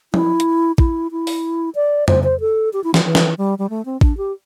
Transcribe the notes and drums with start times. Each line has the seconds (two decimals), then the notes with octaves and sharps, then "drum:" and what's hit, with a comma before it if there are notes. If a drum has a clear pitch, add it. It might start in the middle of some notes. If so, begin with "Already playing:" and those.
0.14 E4, drum: tom
0.40 drum: hi-hat
0.78 E4, drum: kick
1.12 E4
1.27 drum: open hi-hat
1.75 D5
2.08 C5, drum: tom
2.24 C5
2.40 A4
2.73 G4
2.84 E4
2.94 E3, drum: snare
3.05 E3
3.15 drum: snare
3.38 G3
3.59 G3
3.70 A3
3.85 C4
4.01 D4, drum: kick
4.17 G4